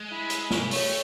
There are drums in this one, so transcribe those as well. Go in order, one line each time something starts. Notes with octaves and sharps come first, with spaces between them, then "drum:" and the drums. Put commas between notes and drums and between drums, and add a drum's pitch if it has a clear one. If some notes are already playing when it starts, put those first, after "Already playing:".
Already playing: G#3
E4
drum: hi-hat
drum: snare
A3 C#5, drum: open hi-hat